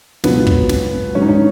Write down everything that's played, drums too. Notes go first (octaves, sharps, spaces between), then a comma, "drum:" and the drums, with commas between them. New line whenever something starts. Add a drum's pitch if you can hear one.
C#2 B2 F#3 B3, drum: snare
drum: kick
drum: snare
G#2 F#3 C#4
D#4
C#4